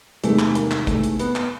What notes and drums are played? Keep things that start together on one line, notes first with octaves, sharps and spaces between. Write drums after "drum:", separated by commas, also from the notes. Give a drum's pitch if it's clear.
E2 C3 D#3 G#3 A3, drum: hi-hat
drum: clap
A#3, drum: hi-hat
drum: clap
A3, drum: kick, hi-hat
drum: hi-hat
B3, drum: hi-hat
drum: clap